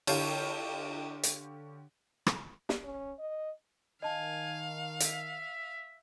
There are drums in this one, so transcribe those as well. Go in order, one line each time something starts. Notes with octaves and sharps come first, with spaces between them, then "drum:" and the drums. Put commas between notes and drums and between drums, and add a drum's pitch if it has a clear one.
D3 G4 C#5 F5 G5 A5, drum: cymbal
drum: hi-hat
drum: rim click
drum: snare
C#4
D#5
D#3 D#5 F5 G#5 A5
E5, drum: hi-hat